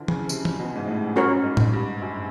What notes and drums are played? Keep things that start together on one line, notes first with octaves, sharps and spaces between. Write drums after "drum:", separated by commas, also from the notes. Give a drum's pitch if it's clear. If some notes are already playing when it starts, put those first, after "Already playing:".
Already playing: D3 E3 F3
C#3, drum: tom
C3, drum: tambourine
drum: tom
B2
G#2
A2
G2 C#4 F#4 A#4 C#5
G#2
drum: tom A2
G2
F#2